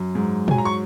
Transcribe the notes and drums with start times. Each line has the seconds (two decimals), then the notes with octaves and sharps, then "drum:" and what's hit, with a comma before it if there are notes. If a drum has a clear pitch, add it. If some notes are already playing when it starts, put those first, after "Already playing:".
Already playing: F#2
0.15 G#2
0.48 F#3 G#5, drum: tom A#2
0.58 A#5
0.65 C#6